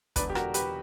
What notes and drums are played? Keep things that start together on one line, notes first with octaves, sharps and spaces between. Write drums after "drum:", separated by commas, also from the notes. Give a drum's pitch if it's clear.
E1 E2 D3 B4 D5, drum: kick, hi-hat
G4
F#4 A#4, drum: rim click
G4 B4, drum: hi-hat